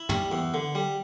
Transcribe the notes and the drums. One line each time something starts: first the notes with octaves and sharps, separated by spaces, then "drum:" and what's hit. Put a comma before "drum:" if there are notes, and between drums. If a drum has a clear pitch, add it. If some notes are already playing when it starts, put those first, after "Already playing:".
Already playing: E4
G3, drum: tom
E2
D3
G3